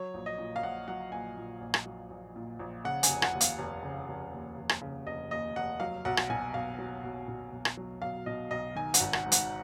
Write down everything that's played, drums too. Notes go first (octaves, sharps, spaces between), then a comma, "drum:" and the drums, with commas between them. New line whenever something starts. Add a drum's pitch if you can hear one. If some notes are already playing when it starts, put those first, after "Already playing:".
Already playing: F#3 C#5
A#1
D#5
A#2
F5
A#1 F#5
F#3 F#5
A#1 G#5
A#2
A#1
drum: rim click
F#3
A#1
A#2
A#1
C#3 F#5
G#5, drum: hi-hat
F1
F#5, drum: rim click
D#2
F5, drum: hi-hat
F1
C#3
F1
D#2
F1
drum: rim click
C#3
F1 D#5
D#2 D#5
F1 F#5
F#3 F5
B1 F#5
drum: rim click
B2 G#5
B1 F5
F#3
B1
B2
B1
drum: rim click
F#3
B1 F5
B2 D#5
B1 D#5
D#3 G#5
F#5, drum: hi-hat
G#1
F#5, drum: rim click
G#2
F#5, drum: hi-hat